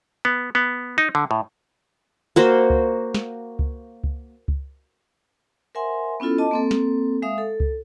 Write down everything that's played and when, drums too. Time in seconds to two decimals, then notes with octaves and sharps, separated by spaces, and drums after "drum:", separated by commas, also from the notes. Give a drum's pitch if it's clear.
0.25 B3
0.55 B3
0.98 D#4
1.15 D3
1.31 A2
2.36 A#3 F#4 C5
2.70 drum: kick C#2
3.14 drum: snare
3.59 drum: kick C#2
4.04 drum: kick C#2
4.48 drum: kick C#2
5.75 A#4 C5 E5 F#5 G#5 C6
6.20 B3 C#4 E4 F4 A4
6.38 D#5 A5 D6
6.51 A#3 C4 A4
6.71 drum: snare
7.22 G#3 E5 F5 D#6
7.38 A4
7.60 drum: kick C#2